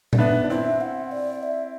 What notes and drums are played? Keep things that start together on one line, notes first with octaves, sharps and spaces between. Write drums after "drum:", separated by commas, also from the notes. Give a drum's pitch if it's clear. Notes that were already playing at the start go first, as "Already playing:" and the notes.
D5, drum: tom A#2
B3 D4 E5
D4
C4 E4 E5
F#5
D5
E5